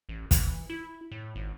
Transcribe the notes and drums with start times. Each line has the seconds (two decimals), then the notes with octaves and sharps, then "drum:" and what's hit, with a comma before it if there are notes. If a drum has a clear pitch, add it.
0.09 A1
0.31 E3, drum: kick, hi-hat
0.70 E4
1.11 A2
1.36 G#1